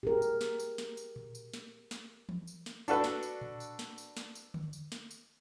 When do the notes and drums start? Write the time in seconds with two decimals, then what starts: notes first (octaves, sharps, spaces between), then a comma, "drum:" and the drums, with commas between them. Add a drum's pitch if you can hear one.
0.03 G4 G#4 A#4, drum: tom A#2
0.22 drum: tambourine
0.41 drum: snare
0.60 drum: tambourine
0.78 drum: snare
0.97 drum: tambourine
1.16 drum: tom A#2
1.35 drum: tambourine
1.54 drum: snare
1.91 drum: snare
2.29 drum: tom E3
2.47 drum: tambourine
2.66 drum: snare
2.88 D4 F#4 A4 B4, drum: tambourine
3.04 drum: snare
3.23 drum: tambourine
3.41 drum: tom A#2
3.60 drum: tambourine
3.79 drum: snare
3.98 drum: tambourine
4.17 drum: snare
4.35 drum: tambourine
4.54 drum: tom D3
4.73 drum: tambourine
4.92 drum: snare
5.11 drum: tambourine